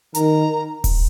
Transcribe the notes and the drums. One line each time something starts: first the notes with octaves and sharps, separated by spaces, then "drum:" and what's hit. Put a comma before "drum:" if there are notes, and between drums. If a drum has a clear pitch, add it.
D#3 A#5, drum: hi-hat
drum: kick D#1, open hi-hat